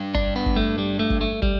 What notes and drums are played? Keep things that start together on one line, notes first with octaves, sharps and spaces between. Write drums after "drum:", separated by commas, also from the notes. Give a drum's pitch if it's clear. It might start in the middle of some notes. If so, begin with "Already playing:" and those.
Already playing: G2
D4, drum: kick
B3
drum: kick
A3
G3
A3
drum: kick
A3
G3, drum: kick